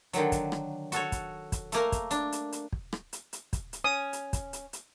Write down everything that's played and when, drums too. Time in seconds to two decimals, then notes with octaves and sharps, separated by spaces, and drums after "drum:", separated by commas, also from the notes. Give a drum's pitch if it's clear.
0.13 D3 D#3 F#3, drum: hi-hat
0.32 drum: kick, hi-hat
0.52 drum: rim click
0.92 F#4 A4 C#5, drum: hi-hat
1.12 drum: kick, hi-hat
1.52 drum: kick, hi-hat
1.72 A3 A#3 A#4, drum: hi-hat
1.92 drum: kick, hi-hat
2.11 D4, drum: hi-hat
2.32 drum: hi-hat
2.52 drum: hi-hat
2.73 drum: kick
2.93 drum: rim click
3.13 drum: hi-hat
3.33 drum: hi-hat
3.53 drum: kick, hi-hat
3.73 drum: hi-hat
3.84 C#4 D#6
4.13 drum: hi-hat
4.33 drum: kick, hi-hat
4.53 drum: hi-hat
4.73 drum: hi-hat